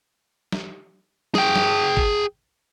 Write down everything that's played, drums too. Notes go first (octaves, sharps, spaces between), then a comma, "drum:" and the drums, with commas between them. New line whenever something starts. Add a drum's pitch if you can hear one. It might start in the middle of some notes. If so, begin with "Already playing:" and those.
drum: snare
G#4 G5, drum: snare
drum: snare
drum: kick G#1